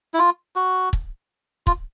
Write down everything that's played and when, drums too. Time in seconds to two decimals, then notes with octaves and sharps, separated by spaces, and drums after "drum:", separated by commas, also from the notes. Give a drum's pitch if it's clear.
0.14 E4
0.19 F4
0.56 F#4
0.93 drum: kick
1.67 F4, drum: kick